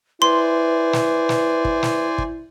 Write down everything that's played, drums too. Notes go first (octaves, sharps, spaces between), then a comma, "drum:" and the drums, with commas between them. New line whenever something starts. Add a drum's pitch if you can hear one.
E4 B4 C5 D5 G#5 C6
drum: snare
drum: snare
drum: kick
drum: snare
drum: kick